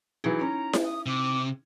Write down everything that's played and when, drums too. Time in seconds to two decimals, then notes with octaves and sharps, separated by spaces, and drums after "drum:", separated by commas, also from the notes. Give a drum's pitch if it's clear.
0.24 E3 F#3 D#4 E4 G#4
0.41 C#4 A#5
0.73 drum: snare E4
0.83 D#6
1.06 C3 D6